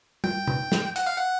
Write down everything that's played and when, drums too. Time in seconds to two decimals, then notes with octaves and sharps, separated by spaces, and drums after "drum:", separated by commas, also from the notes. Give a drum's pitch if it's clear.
0.24 G5, drum: tom G3
0.47 drum: tom C3
0.72 drum: snare
0.96 F#5, drum: hi-hat
1.07 F5
1.16 F#5